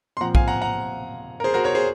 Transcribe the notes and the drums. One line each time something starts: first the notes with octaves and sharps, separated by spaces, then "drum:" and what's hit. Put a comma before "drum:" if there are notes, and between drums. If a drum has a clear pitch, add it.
C6
A#2 F3 C4 F#5 A#5
F5 G#5, drum: kick A#1
F#5 A#5
F#5 A#5
A#4
G#4 C5
F#4 A#4
A#4 C#5
G#4 C5